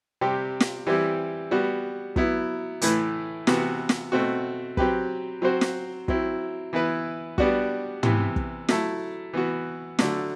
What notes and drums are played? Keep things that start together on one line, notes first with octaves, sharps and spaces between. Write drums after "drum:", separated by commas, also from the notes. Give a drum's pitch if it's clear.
C3 G3 C4 G4
drum: snare
E3 G3 C4 E4 G4
G3 B3 F#4
F#3 B3 E4, drum: kick
A2 E3 A3 E4 B4, drum: hi-hat
C3 E3 B3 F#4, drum: snare
drum: snare
B2 A3 C4 F#4
F#3 C4 G4 B4, drum: kick
F#3 C4 F#4 C5
drum: snare
F#3 C4 E4, drum: kick
E3 B3 E4 B4
G3 B3 D4 F#4, drum: kick
C3 E3 B3, drum: tom
drum: kick
F#3 A3 E4 A4, drum: snare
E3 B3 F#4
D3 F#3 A3, drum: snare